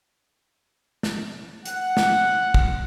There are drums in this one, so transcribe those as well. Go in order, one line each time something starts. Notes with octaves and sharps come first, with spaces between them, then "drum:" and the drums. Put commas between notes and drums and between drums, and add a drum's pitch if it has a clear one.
drum: snare
F#5, drum: hi-hat
drum: snare
drum: kick